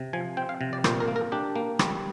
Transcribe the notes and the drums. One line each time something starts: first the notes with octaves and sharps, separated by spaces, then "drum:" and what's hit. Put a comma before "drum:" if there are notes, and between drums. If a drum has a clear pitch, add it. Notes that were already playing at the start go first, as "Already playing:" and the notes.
Already playing: C3
F3 G#5
C4 G5
F5
C3
D5
A#2 C5, drum: rim click
A#4
A#3
A#4
D4 G4
A#3
G3, drum: rim click